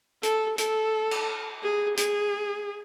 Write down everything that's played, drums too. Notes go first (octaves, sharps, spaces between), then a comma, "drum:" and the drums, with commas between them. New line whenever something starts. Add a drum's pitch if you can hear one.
A4, drum: hi-hat
A4, drum: hi-hat
drum: cymbal
G#4
G#4, drum: hi-hat